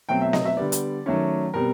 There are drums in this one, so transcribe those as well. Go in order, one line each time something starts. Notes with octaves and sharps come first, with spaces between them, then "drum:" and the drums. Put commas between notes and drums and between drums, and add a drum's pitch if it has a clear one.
B2 F#3 A3 C4 G5
E5
D#5, drum: snare B3
E5
D3 G3 B3 D5
drum: hi-hat
D#3 F#3 A3 C#4
B2 G3 C4 A#4